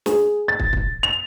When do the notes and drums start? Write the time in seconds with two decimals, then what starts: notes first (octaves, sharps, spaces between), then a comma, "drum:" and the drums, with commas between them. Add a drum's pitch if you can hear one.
0.06 G#4, drum: snare
0.48 A6
0.59 drum: kick
0.73 drum: kick
1.03 F7